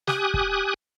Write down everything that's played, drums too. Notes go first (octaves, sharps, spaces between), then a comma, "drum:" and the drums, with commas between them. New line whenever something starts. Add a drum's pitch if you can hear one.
G4 G#5 D#6 F#6, drum: snare
drum: kick